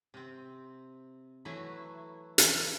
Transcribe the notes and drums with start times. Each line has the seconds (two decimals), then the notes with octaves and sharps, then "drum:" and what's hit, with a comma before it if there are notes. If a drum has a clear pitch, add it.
0.14 C3 C4
1.45 E3 F#3 A3 E4 F#4 B4
2.38 E3 A4 F5, drum: hi-hat